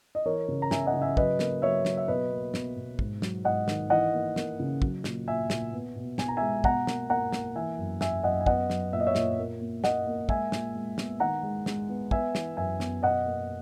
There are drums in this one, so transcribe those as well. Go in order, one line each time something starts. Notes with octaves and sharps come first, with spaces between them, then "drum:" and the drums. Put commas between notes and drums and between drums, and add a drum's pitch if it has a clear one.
D#5
E3 A#4 C#5
C#3
A#5
C#3 E5 G#5, drum: snare
D#5 F#5
C#3
E5 G#5
F#3 B4 D#5, drum: kick
A#3, drum: snare
F#3 C#5 E5
F#3, drum: snare
E5
B2 B4 D#5
A#3
B2, drum: snare
B2
G#2, drum: kick
F#3, drum: snare
G#2 D#5 F#5
D#3, drum: snare
E3 D#5 F#5
A#3
A#3, drum: snare
C#3
F#3, drum: kick
A#2, drum: snare
A#2 E5 G#5
A#2, drum: snare
B3
B2
B2 G#5, drum: snare
A#5
E5 G#5
G#3
B2 F#5 A#5, drum: kick
A#3, drum: snare
A#3 F#5 A#5
A#3, drum: snare
E3 E5 G#5
F#2
F#2 E5 G#5, drum: snare
F#2 D#5 F#5
G#5
B3 D#5 F#5, drum: kick
F#3, drum: snare
A#2 E5
D#5
C#5 E5
A#2, drum: snare
A#3
A#3
A#3 D#5 F#5, drum: snare
A#3
G#3 E5 G#5, drum: kick
A#2, drum: snare
G#3
B3, drum: snare
D#3 F#5 A#5
G#3
G#3, drum: snare
B3
B3 E5 G#5, drum: kick
E3, drum: snare
F#2 E5 G#5
B3, drum: snare
B2 D#5 F#5
A#3